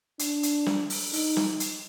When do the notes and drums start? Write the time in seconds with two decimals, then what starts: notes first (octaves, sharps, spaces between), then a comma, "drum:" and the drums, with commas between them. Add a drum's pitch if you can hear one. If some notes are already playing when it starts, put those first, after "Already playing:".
0.19 D4, drum: hi-hat
0.43 drum: hi-hat
0.66 drum: snare
0.90 drum: open hi-hat
1.13 D#4, drum: open hi-hat
1.37 drum: snare
1.60 drum: hi-hat